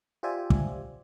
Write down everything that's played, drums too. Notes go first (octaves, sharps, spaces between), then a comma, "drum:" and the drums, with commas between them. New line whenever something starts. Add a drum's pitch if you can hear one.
F4 G4 C5 D5 E5 G#5
drum: kick